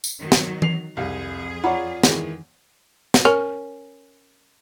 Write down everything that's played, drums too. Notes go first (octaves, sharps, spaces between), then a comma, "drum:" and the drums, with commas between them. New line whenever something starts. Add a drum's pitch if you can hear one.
drum: tambourine
D#3 F#3
drum: snare
C7 F7, drum: tom E3
C2 F2 G#4 F5
F4 C#5 D5 F#5 A#5 B5
D#3 E3 G#3, drum: snare
drum: snare
C#4 A#4